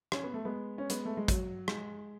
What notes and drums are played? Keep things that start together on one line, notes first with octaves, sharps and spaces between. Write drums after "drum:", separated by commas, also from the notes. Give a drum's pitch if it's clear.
C#4, drum: rim click
B3
A3
G#3 B3
C#4
G#3 B3, drum: hi-hat
A3
G#3
F#3, drum: kick A1, hi-hat
G#3, drum: rim click